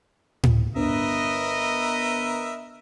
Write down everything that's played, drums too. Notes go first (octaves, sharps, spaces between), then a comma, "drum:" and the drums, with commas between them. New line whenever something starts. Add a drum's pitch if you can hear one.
drum: tom A2
G1 A#4 B4 D#5 E5